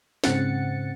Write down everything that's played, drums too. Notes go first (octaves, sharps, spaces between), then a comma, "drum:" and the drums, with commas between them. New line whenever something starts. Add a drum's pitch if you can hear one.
G#2 C#3 C4 F#5 A6 C#7, drum: snare